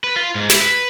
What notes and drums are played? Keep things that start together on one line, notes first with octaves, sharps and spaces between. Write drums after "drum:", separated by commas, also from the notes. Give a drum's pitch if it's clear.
B4
F4
G#2
E4, drum: snare
B4